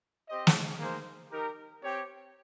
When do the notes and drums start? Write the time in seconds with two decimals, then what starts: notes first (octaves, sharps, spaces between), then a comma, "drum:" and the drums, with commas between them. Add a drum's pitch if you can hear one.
0.29 C4 G4 C5 D#5
0.47 drum: snare
0.79 A#3 D#4 G#4 C5
1.32 D#4 G4 A#4
1.83 C4 G4 C#5 G5